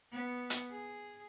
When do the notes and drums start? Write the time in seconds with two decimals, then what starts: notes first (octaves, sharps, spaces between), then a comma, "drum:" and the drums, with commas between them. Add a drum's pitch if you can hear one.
0.12 B3
0.50 drum: hi-hat
0.71 G#4